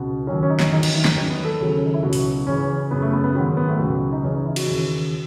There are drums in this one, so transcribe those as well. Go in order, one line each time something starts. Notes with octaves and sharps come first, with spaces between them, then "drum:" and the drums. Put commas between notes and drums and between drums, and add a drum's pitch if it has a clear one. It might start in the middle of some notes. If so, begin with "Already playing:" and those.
Already playing: C#2 B2
D#2 D#3 F#3 C#4
C#4
D#4
drum: snare
E2 D#3 F#3 D#4
D#4, drum: cymbal
E4
D#4, drum: snare
E2 D#3 F#3 C#4
B3
A4
D#2 C#3 F#3
C#4
D#4
E4
C#2 B2 F#3 F#4
drum: open hi-hat
E2 C#3 E3 C#4
F#2 C#3 E3 B3
A3
B3
B3
G#2 D#3 F#3
B3
B3
A3
C#2 B2 F#3
D#4
E2 C#3 E3 C#4
D#4
E4
F#4, drum: cymbal
D#2 C#3 E3